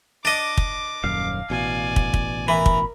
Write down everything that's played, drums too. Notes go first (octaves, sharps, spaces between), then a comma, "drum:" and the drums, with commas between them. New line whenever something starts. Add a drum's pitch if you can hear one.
D4 D#5 D6
drum: kick
D#1 F#2 F5
A1 B2 D5 G#5
drum: kick
drum: kick
E3 A#4 B5
drum: kick